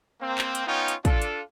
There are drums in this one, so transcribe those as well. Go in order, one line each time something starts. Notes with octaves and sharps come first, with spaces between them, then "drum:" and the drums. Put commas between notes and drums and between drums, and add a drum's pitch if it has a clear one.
A#3 C4
drum: clap
drum: hi-hat
B3 C#4 D#4 F4 C#5 G5
drum: hi-hat
D4 F4 A4, drum: kick, hi-hat
drum: hi-hat